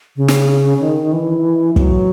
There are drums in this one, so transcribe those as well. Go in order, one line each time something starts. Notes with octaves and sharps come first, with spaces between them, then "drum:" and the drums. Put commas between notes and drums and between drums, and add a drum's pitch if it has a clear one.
C#3
drum: snare
D#3
E3
F#3, drum: kick